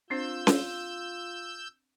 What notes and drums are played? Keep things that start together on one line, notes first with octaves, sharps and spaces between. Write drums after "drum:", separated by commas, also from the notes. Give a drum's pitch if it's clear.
C4 D4 F4 C5 E6 G6
drum: snare C#4